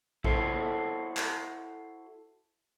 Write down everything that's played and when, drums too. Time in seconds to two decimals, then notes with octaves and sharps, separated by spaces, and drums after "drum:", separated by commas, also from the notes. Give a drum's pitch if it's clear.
0.24 E4 F#4 A4 C5, drum: kick
1.17 drum: clap